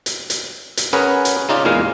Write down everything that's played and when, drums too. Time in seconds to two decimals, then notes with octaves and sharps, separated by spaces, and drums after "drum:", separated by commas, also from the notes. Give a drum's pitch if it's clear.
0.06 drum: hi-hat
0.30 drum: hi-hat
0.77 drum: hi-hat
0.93 C#4 G#4 A#4 B4 F#5
1.25 drum: hi-hat
1.49 C#3 D#4 F4 D5
1.65 E2 A#2 G#3 F5